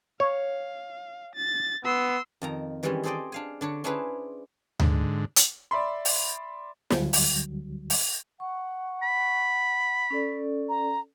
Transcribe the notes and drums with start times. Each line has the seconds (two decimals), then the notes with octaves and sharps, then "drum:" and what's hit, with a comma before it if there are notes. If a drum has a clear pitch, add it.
0.20 C#5 F5
1.35 A6
1.85 B3 C6 E6
2.42 F2 D#3 A#5
2.83 D#3 E3 G3 G#3 C#4 E4
3.03 G#4 A4 C5 D5 D#5 G5
3.32 D4 F5 G#5
3.61 D3 D4 C#5
3.84 C#4 D4 E4 G#4 B4 C5
4.80 G#2 D3, drum: tom D2
5.36 drum: hi-hat
5.71 D5 E5 B5 C6
6.05 drum: open hi-hat
6.90 D2 D3 F#3 G3 F#4, drum: snare
7.13 drum: open hi-hat
7.90 drum: open hi-hat
8.40 F#5 C#6
9.03 B5
10.10 C#4 A4 D5
10.69 A#5